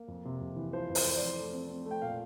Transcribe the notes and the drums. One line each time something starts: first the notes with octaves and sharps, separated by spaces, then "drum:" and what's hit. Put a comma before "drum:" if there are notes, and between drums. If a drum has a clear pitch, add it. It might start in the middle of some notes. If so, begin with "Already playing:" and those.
Already playing: A#3
F2
C3
F2
E3
F3 C5
F2
C5, drum: open hi-hat
F2 C5
D5
F2
A3
C4
C4
A3
G5
A#2 F5